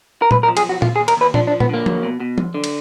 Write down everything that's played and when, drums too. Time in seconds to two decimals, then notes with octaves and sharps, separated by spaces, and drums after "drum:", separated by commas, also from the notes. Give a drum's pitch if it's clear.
0.22 A#4
0.31 B1 B4, drum: tom A#2
0.43 A#4
0.48 F3
0.57 G#4, drum: cymbal
0.66 B1 F#4
0.82 D#2 F4, drum: tom A#2
0.96 G#4
1.00 D#2
1.08 A#4, drum: cymbal
1.17 D#2 B4
1.34 F3 D4, drum: tom A#2
1.47 D4
1.52 F3
1.60 B3, drum: tom A#2
1.69 D3 A#3
1.86 F#3, drum: tom
2.03 B2
2.20 B2
2.38 F#2, drum: tom
2.54 D3
2.64 drum: cymbal